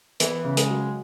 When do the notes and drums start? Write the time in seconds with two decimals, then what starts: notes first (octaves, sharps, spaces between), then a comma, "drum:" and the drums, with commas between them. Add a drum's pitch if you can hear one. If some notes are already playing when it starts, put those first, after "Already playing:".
0.20 E3 B3, drum: hi-hat
0.44 C#3
0.57 G#3, drum: hi-hat
0.69 F#3